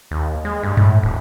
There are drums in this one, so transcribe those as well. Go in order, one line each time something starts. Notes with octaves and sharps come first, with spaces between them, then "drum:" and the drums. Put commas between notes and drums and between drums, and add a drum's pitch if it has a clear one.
D#2
G#3
G2
A2, drum: tom G2
D#1